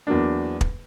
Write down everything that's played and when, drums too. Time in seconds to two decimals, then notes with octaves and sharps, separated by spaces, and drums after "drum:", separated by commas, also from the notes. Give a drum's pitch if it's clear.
0.07 E2 F#3 A#3 D4
0.61 drum: kick